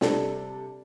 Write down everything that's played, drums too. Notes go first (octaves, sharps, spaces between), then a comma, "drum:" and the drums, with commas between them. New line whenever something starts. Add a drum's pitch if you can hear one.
C3 G3 D4 A4, drum: snare